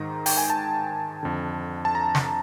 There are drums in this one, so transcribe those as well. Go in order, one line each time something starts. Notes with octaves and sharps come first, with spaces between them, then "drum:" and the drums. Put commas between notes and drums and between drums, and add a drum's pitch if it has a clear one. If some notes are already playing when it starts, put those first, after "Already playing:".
Already playing: G#2 D#3 A#5
G5, drum: open hi-hat
G#5
A5
F2 D3
A5
A#5
drum: snare